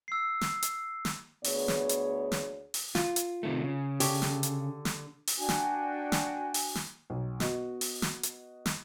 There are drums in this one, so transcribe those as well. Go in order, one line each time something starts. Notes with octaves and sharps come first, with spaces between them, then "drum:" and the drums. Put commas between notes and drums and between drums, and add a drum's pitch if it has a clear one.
E6 C7
drum: snare
drum: hi-hat
drum: snare
D2 B3 G#4 C#5, drum: open hi-hat
drum: snare
drum: hi-hat
drum: snare
drum: open hi-hat
F4, drum: snare
drum: hi-hat
C3 D#3 A3
C#3
D3 G4 C#5, drum: open hi-hat
drum: snare
drum: hi-hat
drum: snare
drum: open hi-hat
D4 F#4 G5 G#5
drum: snare
drum: snare
drum: open hi-hat
drum: snare
B1
B3 F#4 D#5, drum: snare
drum: open hi-hat
drum: snare
drum: hi-hat
drum: snare